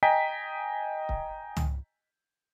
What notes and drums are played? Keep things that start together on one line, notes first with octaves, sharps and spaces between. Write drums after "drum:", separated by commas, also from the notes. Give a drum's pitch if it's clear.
D#5 G5 G#5 A#5 B6
drum: kick C#1
drum: tom